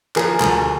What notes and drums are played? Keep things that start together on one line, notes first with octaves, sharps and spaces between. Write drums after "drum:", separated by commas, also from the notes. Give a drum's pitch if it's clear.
F3 G#4 A#4, drum: clap
D2, drum: clap